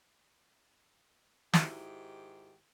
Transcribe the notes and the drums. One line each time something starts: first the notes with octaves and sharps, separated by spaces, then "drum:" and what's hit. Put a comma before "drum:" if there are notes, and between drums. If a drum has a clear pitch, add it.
G#2 D#3 E4 F#4 G4 E5, drum: snare